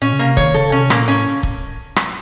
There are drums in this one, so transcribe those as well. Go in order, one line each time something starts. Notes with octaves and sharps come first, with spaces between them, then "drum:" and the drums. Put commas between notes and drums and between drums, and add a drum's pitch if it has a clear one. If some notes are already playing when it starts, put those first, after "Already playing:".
A#2 C#4
C#3
C3 A#3
D#3 C#5, drum: kick
C#3 A4
C3 C#4
A#2 A#3, drum: rim click
A2 C#4
drum: kick
drum: rim click